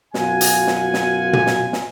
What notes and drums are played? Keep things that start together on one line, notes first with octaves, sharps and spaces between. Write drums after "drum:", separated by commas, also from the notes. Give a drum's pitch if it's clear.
F#2 B2 F4 F#5 G#5, drum: snare
drum: hi-hat
drum: snare
drum: snare
drum: tom
drum: snare
drum: snare